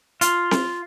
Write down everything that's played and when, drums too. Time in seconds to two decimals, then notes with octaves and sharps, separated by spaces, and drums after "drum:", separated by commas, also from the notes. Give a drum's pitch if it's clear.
0.21 F4, drum: hi-hat
0.51 drum: snare C4